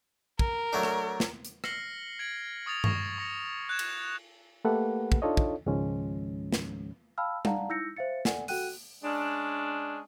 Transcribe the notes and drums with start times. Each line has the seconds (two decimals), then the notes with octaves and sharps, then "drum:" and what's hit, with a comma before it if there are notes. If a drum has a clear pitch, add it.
0.39 A#4, drum: kick
0.73 F#3 A3 D4
0.83 drum: rim click
1.20 drum: snare
1.45 drum: hi-hat
1.64 F6 A#6 C7 C#7 F#7 G7, drum: rim click
2.19 G#6 D7 F#7
2.66 C#6 D#6 A6 F7
2.84 C#6 A#6 C7 E7, drum: tom G2
3.18 C#6 A#6 C#7
3.69 F#6 G#6 E7
3.79 drum: cymbal
4.65 A3 A#3 G4 A4 B4 F#5
5.12 drum: kick
5.22 D4 D#4 F4 A4 C#5 D#5
5.37 drum: kick
5.66 C#2 G#2 D#3 F3 G#3 C#4
6.52 drum: snare
7.18 F5 G5 A5 B5 E6 F6
7.45 D5 F5 F#5 A5 A#5, drum: tom G3
7.69 D#4 E4 E6 G6 A#6 C#7
7.97 C5 E5 F5 A6 C#7
8.25 A4 D5 F#5 G#5, drum: snare
8.48 F#4 A4 F#5 G5 F#6 D#7, drum: open hi-hat
9.03 G#3 C#4 D4